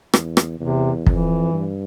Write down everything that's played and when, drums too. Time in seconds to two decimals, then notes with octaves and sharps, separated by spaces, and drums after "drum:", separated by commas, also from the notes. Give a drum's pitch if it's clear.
0.14 E2, drum: rim click
0.37 drum: rim click
0.59 E2 C3
1.06 F2 E3, drum: kick
1.53 G2